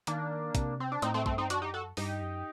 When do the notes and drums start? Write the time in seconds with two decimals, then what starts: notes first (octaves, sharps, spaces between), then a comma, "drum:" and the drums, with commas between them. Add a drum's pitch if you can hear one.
0.07 D#3 A#3 D4, drum: hi-hat
0.55 C3, drum: kick, hi-hat
0.80 C4
0.92 D4
1.02 A2 C4 D#4, drum: hi-hat
1.14 A3 C4
1.26 G2 A3 C4, drum: kick
1.38 C4 D#4
1.50 F#2 D4 F#4, drum: hi-hat
1.62 D#4 G4
1.74 F#4 A4
1.97 G2 D#4 G4, drum: open hi-hat
2.22 F#2